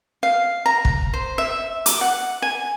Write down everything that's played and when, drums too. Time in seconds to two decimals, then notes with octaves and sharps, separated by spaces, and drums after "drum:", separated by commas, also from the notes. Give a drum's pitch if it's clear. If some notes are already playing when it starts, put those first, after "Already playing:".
0.23 F5
0.66 A#5
0.85 drum: kick
1.14 C5
1.38 E5
1.86 D6, drum: hi-hat
2.01 F#5
2.42 G#5